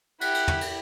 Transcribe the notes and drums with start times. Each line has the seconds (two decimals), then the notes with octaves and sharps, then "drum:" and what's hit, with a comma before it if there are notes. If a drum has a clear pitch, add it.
0.21 E4 G4 F#5, drum: cymbal
0.34 drum: cymbal
0.48 drum: tom
0.61 drum: cymbal